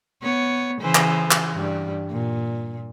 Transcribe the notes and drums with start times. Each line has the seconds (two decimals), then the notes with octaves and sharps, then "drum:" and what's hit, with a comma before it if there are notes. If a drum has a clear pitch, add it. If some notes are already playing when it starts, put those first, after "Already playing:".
0.23 B3 C#5
0.81 C#3 E3 C5
0.95 drum: clap
1.31 drum: clap
1.54 G2 G3
2.11 A#2